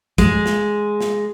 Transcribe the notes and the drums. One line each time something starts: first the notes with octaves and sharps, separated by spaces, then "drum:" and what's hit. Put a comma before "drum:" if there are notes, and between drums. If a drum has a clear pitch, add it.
G#3, drum: kick, hi-hat
drum: snare
drum: snare